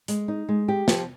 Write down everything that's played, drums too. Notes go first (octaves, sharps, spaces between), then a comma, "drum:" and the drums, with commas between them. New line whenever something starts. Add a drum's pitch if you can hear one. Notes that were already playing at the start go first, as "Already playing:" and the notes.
G#3, drum: hi-hat
D#4
G#3
G4
F3, drum: snare